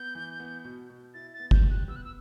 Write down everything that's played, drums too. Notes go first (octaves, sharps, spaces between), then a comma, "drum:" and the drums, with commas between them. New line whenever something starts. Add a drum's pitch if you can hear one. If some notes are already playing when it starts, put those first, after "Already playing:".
Already playing: B3 G6
E3
B3
B2
B2
E4 A6
A6
B3
G6, drum: kick
G4
F#6
B3 E6
F#6
E6